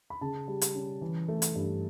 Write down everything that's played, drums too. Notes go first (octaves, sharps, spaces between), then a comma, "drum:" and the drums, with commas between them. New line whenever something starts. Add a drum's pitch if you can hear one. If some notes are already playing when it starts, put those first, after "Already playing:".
B5
C#3 A5
G3
drum: hi-hat
C#4
E3
A3
drum: hi-hat
G2